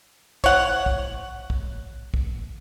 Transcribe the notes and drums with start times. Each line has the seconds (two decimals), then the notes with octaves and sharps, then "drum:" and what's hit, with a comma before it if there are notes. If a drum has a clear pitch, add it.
0.44 C#5 F#5, drum: kick
0.86 drum: kick
1.50 drum: kick
2.14 drum: kick